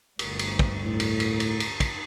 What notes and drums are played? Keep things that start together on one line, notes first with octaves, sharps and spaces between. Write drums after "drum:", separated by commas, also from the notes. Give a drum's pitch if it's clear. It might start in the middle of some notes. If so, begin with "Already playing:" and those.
G1 D2 G2, drum: cymbal
drum: cymbal
drum: kick
A2
drum: cymbal
drum: cymbal
drum: cymbal
drum: cymbal
drum: kick, cymbal